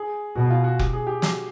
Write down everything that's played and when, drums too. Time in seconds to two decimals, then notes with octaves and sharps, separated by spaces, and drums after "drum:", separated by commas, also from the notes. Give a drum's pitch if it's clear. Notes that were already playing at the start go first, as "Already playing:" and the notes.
Already playing: G#4
0.35 B2 F#4
0.50 F4
0.64 F#4
0.79 G4, drum: kick F1
0.93 G#4
1.07 G4
1.22 F#4, drum: snare